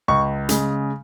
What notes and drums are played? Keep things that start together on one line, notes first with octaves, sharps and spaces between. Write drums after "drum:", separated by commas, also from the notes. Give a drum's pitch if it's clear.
C#2 C#6
C#3 G#3, drum: hi-hat